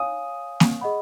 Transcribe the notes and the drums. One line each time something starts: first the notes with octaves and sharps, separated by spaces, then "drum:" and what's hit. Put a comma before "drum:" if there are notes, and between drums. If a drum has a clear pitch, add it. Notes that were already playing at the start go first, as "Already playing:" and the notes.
Already playing: C#5 F5 G#5 D#6
drum: snare A#3
G#4 D#5 F#5 B5